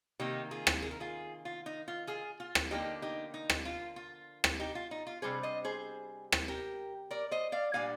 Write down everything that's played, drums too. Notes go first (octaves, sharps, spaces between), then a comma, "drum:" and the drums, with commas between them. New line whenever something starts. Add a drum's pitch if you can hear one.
C3 D#3 A#3 D#4 G4
F4 G#4
drum: rim click
G#4
A#4
F4 G#4
F4
D#4
F4
F4 G#4
F4
drum: rim click
D3 F3 A#3 D4 D#4 G4
D#4 G4
D#4
drum: rim click
F4
F4
drum: rim click
D#4 G4
F4
D#4
F4
C3 G3 D4 G#4 C5
C5 D#5
G#4 C5
drum: rim click
G4 A#4
A#4 D5
C5 D#5
D5 F5
A#2 G3 D4 F5 G#5